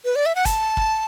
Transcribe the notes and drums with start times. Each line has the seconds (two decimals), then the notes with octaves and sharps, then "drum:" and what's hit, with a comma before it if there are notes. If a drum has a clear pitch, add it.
0.05 B4
0.16 D5
0.26 E5
0.35 F#5
0.45 A5, drum: kick, hi-hat
0.77 drum: kick